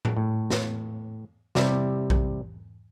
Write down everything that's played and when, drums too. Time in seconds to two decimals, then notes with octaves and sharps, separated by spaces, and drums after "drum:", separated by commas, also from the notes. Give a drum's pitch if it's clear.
0.05 drum: tom A2
0.17 A2
0.50 drum: snare
1.55 C3 G3 E4, drum: snare
2.10 drum: kick A#1